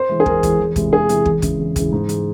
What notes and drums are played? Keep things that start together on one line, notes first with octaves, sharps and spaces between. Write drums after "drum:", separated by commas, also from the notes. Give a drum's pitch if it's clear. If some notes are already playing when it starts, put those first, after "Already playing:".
Already playing: C5
E3 G#3
G#4
E2 A#4, drum: kick
E3 G#3, drum: kick, hi-hat
E2
C3 E3 G#3, drum: kick, hi-hat
E2 G#4
C3 E3 G#3, drum: hi-hat
E2, drum: kick
C#3 E3 G#3, drum: kick, hi-hat
E2
C#3 E3 G#3, drum: kick, hi-hat
G#2
E3 G#3, drum: hi-hat